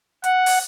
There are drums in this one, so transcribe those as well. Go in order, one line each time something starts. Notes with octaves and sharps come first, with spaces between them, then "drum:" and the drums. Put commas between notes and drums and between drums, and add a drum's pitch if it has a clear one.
F#5, drum: hi-hat
drum: open hi-hat